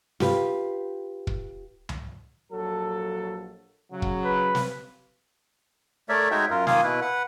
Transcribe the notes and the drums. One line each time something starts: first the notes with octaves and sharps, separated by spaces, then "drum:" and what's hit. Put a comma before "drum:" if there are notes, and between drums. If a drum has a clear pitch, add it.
F4 G4 B4, drum: snare
drum: kick
drum: tom C#2
A#1 F#3 A4
C#3 F#3
drum: kick
B4
drum: snare
A3 A#4 C#5 D5 E5
G#3 D#4 F#4 C#5 E5 G5
F#2 F4 A#4
D#3 A#3 F4 F5 G#5 D#6, drum: snare
B2 E4 B4
B4 F#5